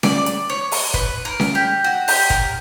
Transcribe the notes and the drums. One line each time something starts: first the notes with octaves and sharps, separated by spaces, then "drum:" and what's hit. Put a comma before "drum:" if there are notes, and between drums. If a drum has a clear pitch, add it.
D5, drum: snare C#4
drum: hi-hat
C#5
drum: open hi-hat
B4, drum: kick
A#4
drum: snare C#4
G4
F#4
G4, drum: open hi-hat
A#4, drum: kick